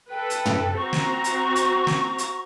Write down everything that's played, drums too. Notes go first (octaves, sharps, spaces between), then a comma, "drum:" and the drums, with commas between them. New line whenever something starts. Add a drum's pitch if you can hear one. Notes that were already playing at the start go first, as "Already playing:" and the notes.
A4 B4 G5
drum: hi-hat
drum: tom
C4 F#4 A#5 C#6
drum: snare
drum: hi-hat
drum: hi-hat
drum: snare
drum: hi-hat